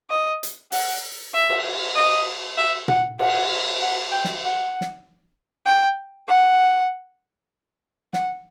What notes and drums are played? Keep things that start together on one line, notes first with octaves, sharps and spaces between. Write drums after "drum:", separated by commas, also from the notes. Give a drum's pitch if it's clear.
D#5
drum: hi-hat
F#5, drum: open hi-hat
E5
drum: cymbal
D#5
E5
F#5, drum: tom A#2
F#5, drum: cymbal
F#5
G5
drum: snare
F#5
drum: snare
G5
F#5
F#5, drum: snare